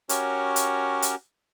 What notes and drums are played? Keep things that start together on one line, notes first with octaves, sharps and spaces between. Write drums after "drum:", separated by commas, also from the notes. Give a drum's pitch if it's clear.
C#4 F#4 G4 A#4 C#5, drum: hi-hat
drum: hi-hat
drum: hi-hat